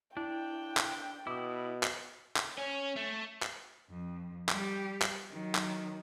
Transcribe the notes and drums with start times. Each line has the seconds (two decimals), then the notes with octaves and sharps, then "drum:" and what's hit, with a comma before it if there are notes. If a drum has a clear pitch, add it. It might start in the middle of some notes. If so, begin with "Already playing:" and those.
0.17 D4 E4 G5
0.77 drum: clap
1.27 B2 E4 D6 D#6
1.83 drum: clap
2.36 drum: clap
2.58 C#4
2.96 A3
3.43 drum: clap
3.90 F2
4.49 G3 G4, drum: clap
5.02 drum: clap
5.31 D#3 F#3
5.55 drum: clap